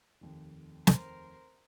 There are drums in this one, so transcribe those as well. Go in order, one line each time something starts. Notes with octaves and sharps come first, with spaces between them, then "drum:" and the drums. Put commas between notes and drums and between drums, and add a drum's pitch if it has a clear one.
F1 D#2
A#4 C5, drum: snare